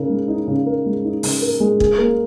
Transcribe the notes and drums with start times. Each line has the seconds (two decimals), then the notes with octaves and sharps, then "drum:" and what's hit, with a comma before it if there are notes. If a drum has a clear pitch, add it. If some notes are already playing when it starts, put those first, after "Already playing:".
Already playing: C#3 D#4 A#4
0.09 G#3
0.28 D#4
0.48 C#3
0.66 A#4
0.86 G#3
1.05 D#4
1.23 C#3, drum: open hi-hat
1.42 A#4
1.60 G#3
1.80 G#4, drum: kick
1.98 A#3